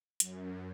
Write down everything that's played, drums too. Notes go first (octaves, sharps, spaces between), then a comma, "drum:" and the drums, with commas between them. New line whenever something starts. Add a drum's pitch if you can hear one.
F#2, drum: hi-hat